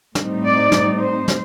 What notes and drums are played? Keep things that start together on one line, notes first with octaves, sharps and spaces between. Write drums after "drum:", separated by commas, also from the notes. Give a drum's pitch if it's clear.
A2 G3 C4 D#4, drum: snare
D5
drum: snare
C5
drum: snare